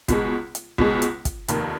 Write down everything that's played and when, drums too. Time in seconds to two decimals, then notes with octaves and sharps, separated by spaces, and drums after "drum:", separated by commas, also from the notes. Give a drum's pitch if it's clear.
0.08 C#2 B2 G#3, drum: kick, hi-hat
0.55 drum: hi-hat
0.78 C#2 B2 G#3, drum: kick
1.02 drum: hi-hat
1.25 drum: kick, hi-hat
1.48 F1 D#2 D#3, drum: hi-hat